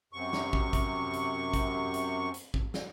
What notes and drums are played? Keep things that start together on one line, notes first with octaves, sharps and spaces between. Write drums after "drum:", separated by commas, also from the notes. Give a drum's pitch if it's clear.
F#2 C3 C#6
drum: snare
drum: kick
drum: kick, hi-hat
drum: hi-hat
drum: kick, hi-hat
drum: hi-hat
drum: hi-hat
drum: kick
drum: snare